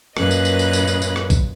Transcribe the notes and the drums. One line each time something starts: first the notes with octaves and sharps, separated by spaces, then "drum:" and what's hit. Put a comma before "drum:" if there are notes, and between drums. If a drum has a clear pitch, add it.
F#2 A#2 C#4 B4 D#5 F#6, drum: rim click
drum: tambourine
drum: tambourine
drum: tambourine
drum: tambourine
drum: tambourine
drum: tambourine
drum: rim click
drum: kick A#1, tambourine